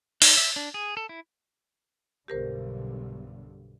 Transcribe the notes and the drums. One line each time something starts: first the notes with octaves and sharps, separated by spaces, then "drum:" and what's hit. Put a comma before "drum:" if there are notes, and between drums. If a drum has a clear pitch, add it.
D#4, drum: open hi-hat
E5
D4
G#4
A4
E4
B1 G2 D3 G4 A#4 C5